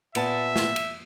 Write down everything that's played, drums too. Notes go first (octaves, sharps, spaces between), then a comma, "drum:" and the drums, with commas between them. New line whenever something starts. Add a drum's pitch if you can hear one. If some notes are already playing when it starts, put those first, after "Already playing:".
A#2 B3 E5 A5, drum: cymbal
drum: snare
drum: cymbal